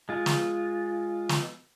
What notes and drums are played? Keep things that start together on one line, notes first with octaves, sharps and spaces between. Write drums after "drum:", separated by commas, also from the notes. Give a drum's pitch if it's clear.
G#3 F4
drum: snare
drum: snare